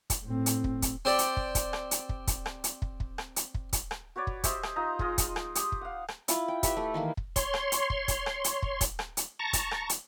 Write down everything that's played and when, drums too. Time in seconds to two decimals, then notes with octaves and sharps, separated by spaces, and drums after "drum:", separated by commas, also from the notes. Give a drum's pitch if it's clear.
0.10 drum: kick, hi-hat
0.24 A2 C4
0.46 drum: hi-hat
0.64 drum: kick
0.82 drum: kick, hi-hat
1.05 C4 G4 D5
1.19 drum: hi-hat
1.37 drum: kick
1.55 drum: kick, hi-hat
1.73 drum: rim click
1.91 drum: hi-hat
2.09 drum: kick
2.27 drum: kick, hi-hat
2.46 drum: rim click
2.64 drum: hi-hat
2.82 drum: kick
3.00 drum: kick
3.18 drum: rim click
3.36 drum: hi-hat
3.54 drum: kick
3.73 drum: kick, hi-hat
3.91 drum: rim click
4.16 F#4 B4 C#5 D5
4.27 drum: kick
4.44 G4 C5 D#5 E5, drum: kick, hi-hat
4.63 drum: rim click
4.76 D#4 F4 D#5 A#5
4.99 G#3 F4 D#5, drum: kick
5.18 drum: kick, hi-hat
5.36 drum: rim click
5.55 G4 D#6, drum: hi-hat
5.72 drum: kick
5.81 F5 F#5
6.08 drum: rim click
6.28 E4 F4, drum: hi-hat
6.48 G5
6.63 G4 B4 E5 B5, drum: kick, hi-hat
6.77 A3
6.94 D#3 E3 A#3
7.17 drum: kick
7.36 C#5 C6, drum: kick, hi-hat
7.54 drum: rim click
7.72 drum: hi-hat
7.90 drum: kick
8.08 drum: kick, hi-hat
8.26 drum: rim click
8.44 drum: hi-hat
8.62 drum: kick
8.81 drum: kick, hi-hat
8.99 drum: rim click
9.17 drum: hi-hat
9.39 A5 A#5 C#6
9.53 drum: kick, hi-hat
9.71 drum: rim click
9.89 drum: hi-hat